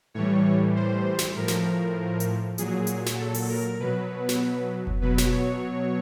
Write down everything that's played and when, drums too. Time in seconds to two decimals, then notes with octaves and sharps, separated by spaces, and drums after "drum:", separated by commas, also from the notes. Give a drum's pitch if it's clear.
0.14 A2 E3 G3 C#5
0.76 C5
1.19 drum: snare
1.36 A2 F3 A#4
1.48 drum: snare
2.20 drum: hi-hat
2.58 A#2 F#3 G#4, drum: hi-hat
2.87 drum: hi-hat
3.06 drum: snare
3.19 A4
3.34 drum: open hi-hat
3.49 A#4
3.79 B2 F#3 B4
4.29 drum: snare
4.87 drum: kick F1
5.01 B2 F#3 B4
5.18 drum: snare
5.31 C#5